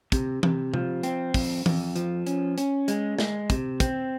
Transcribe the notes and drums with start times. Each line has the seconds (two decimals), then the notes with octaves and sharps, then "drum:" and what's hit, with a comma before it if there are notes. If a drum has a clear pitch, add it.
0.12 C3, drum: kick, hi-hat
0.43 C3, drum: tom E3
0.74 F3, drum: tom C3
1.03 C4, drum: hi-hat
1.34 F2, drum: kick, open hi-hat
1.66 F2, drum: tom E3
1.96 F3, drum: hi-hat
2.27 C#4, drum: hi-hat
2.58 C#4, drum: hi-hat
2.88 G#3, drum: hi-hat
3.19 G#3, drum: snare
3.50 C3, drum: kick, hi-hat
3.80 C4, drum: kick, hi-hat